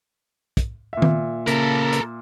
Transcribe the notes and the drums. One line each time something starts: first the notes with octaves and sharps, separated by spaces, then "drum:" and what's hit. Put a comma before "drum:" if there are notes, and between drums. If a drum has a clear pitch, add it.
drum: kick, hi-hat
A#2 E5
drum: tom D#3
C#3 A#3 A4 A#4 B5, drum: hi-hat
drum: hi-hat